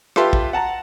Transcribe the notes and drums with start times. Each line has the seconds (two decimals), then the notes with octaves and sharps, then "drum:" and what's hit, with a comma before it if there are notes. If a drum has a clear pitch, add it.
0.16 F4 G4 A4 B4 E5 C6, drum: rim click
0.33 drum: kick
0.53 F#5 A5 A#5